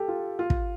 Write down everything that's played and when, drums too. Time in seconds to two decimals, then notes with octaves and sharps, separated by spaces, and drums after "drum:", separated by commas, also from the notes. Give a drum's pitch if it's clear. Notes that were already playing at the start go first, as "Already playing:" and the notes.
Already playing: G4 A4
0.08 F4
0.39 F4
0.50 drum: kick